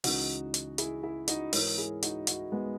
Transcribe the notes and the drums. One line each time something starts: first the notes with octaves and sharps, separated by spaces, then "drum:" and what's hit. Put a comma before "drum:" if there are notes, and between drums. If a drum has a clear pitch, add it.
C#2 C#3 E3 D#4 F#4, drum: open hi-hat
drum: hi-hat
E4 G#4, drum: hi-hat
E4 G#4
D#4 F#4, drum: hi-hat
G#2 E3 A#4 C#5, drum: open hi-hat
E4 G#4
D#4 F#4, drum: hi-hat
D#4 F#4, drum: hi-hat
G#3 B3